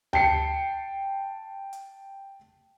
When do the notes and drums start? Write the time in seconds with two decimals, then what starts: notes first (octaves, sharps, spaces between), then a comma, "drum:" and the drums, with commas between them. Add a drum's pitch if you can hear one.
0.13 G5 A5 C7 C#7, drum: tom D2
1.73 drum: hi-hat